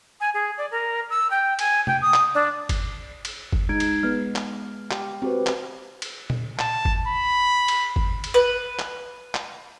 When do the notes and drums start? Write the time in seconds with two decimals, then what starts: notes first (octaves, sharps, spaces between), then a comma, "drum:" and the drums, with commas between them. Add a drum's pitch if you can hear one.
0.20 G#5
0.34 G#4
0.57 D5
0.71 A#4
1.10 E6
1.30 G5
1.59 G#5, drum: cymbal
1.87 G5, drum: tom C3
2.01 D#6
2.14 drum: clap
2.34 D4
2.69 drum: kick, cymbal
3.25 drum: cymbal
3.53 drum: kick
3.69 G#3 D#4 G#6 D7
3.80 drum: cymbal
4.03 G#3 B3 F6
4.36 drum: clap
4.91 G4, drum: clap
5.22 C4 F#4 G4 B4
5.47 drum: clap
6.02 drum: cymbal
6.30 drum: tom A#2
6.59 A5, drum: clap
6.85 drum: kick
7.08 B5
7.68 drum: cymbal
7.96 drum: kick
8.24 drum: cymbal
8.34 B4
8.79 drum: clap
9.35 drum: clap